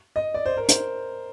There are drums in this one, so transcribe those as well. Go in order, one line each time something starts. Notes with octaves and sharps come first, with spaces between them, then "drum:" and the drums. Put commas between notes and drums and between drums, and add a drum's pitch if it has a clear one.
D#5
D5
C5
A#4
C5, drum: hi-hat